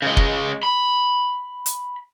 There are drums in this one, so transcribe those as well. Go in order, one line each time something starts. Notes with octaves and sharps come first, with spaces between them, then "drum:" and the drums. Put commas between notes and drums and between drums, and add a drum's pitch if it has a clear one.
C#3 G#3
drum: kick
B5
drum: hi-hat